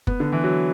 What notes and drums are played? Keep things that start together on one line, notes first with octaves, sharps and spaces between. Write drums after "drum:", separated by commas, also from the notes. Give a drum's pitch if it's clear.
B3, drum: kick F#1
D3
E3
F#3